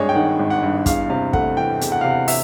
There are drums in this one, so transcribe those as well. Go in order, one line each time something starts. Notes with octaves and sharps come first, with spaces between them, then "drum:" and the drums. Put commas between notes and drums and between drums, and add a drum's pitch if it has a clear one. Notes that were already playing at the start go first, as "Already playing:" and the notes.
Already playing: G#1 G2 G#3 C#5 D5
G5
D#3 F#5
G#1
F#5
G2
E2 F5, drum: kick, hi-hat
C3 F5
A3 F#5, drum: kick
E3 G5
E2, drum: hi-hat
F#5
C3 F5
F#5
E5, drum: open hi-hat